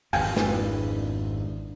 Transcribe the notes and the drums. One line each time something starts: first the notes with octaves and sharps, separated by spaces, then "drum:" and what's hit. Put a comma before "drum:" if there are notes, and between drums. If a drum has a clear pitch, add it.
G#1 F2 F5 G5 G#5, drum: open hi-hat
D4 E4 B4, drum: snare